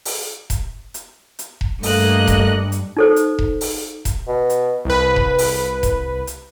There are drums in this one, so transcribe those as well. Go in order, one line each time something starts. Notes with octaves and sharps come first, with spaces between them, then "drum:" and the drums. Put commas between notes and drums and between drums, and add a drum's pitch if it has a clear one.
drum: open hi-hat
drum: kick E1, hi-hat
drum: hi-hat
drum: hi-hat
drum: kick E1
G2 A3 A#3 D#5 F#6, drum: open hi-hat
drum: kick E1, hi-hat
drum: hi-hat
D#4 A4 C5
drum: hi-hat
drum: kick E1
drum: open hi-hat
drum: kick E1, hi-hat
B2
drum: hi-hat
C2 B4
drum: kick E1
drum: open hi-hat
drum: kick E1, hi-hat
drum: hi-hat